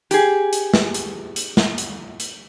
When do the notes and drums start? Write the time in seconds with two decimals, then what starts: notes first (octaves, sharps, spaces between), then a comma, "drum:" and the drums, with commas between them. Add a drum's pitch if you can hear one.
0.11 G4 G#4, drum: hi-hat
0.53 drum: hi-hat
0.74 drum: snare
0.94 drum: hi-hat
1.36 drum: hi-hat
1.57 drum: snare
1.78 drum: hi-hat
2.20 drum: hi-hat